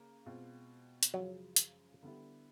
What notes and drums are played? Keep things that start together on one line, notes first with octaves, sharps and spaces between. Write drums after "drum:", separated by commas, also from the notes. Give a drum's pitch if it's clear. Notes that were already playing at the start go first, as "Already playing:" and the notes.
Already playing: C#3 A#3
B2 G#3 C4 F4
drum: hi-hat
F#2 C#3 F3 F#3 G#3
drum: hi-hat
D3 G3 B3 E4